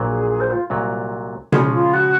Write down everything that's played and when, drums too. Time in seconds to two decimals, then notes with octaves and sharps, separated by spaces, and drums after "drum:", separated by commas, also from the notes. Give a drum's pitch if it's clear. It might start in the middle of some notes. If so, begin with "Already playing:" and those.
Already playing: A#1 A#2 F#3
0.09 G#4
0.30 G#4
0.40 C5
0.50 F4
0.70 C2 A#2 F#3
1.52 C#3 F3 G#3 C#4 G#4, drum: tom B2
1.72 F4
1.93 F#4